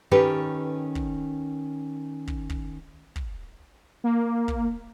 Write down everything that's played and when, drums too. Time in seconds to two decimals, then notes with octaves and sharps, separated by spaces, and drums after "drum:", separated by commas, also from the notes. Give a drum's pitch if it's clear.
0.11 D#3 C#4 D#4 G4 A4 B4
0.95 drum: kick
2.27 drum: kick
2.50 drum: kick
3.16 drum: kick
4.04 A#3
4.48 drum: kick